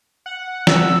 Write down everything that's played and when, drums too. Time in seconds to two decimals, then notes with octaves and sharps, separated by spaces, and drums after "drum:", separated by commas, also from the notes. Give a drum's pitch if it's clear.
0.26 F#5
0.67 E6, drum: snare